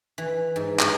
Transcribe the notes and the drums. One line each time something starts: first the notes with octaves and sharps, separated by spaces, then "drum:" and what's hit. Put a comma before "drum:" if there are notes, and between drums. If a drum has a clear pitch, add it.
E3
G#2
G2, drum: clap